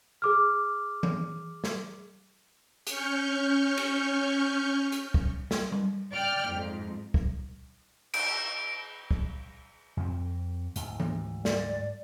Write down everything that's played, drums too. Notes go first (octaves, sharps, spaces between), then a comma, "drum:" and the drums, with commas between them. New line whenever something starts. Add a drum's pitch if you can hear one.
G#4 D6 F6
drum: tom E3
drum: snare
C#4 C#6 F6 G6, drum: hi-hat
drum: cymbal
drum: hi-hat
drum: kick
drum: snare
drum: tom G3
D5 G5 F6
F2 G#2
drum: kick
D7, drum: cymbal
drum: kick
F2 C4
D2 G#2, drum: hi-hat
drum: tom E3
D5, drum: snare